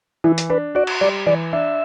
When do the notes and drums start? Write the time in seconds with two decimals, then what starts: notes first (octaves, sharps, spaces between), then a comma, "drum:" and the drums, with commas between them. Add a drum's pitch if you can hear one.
0.24 E3 E4
0.38 drum: hi-hat
0.50 D4 B4
0.75 F#4 D5
0.87 drum: cymbal
1.01 G3 D5
1.26 E3 D5
1.53 D4 E5